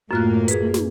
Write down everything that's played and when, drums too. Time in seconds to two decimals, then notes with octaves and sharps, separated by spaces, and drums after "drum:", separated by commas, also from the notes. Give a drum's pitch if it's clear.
0.11 F#2 A2 A#3 F4 F#6
0.48 G#4 B4, drum: hi-hat
0.74 drum: snare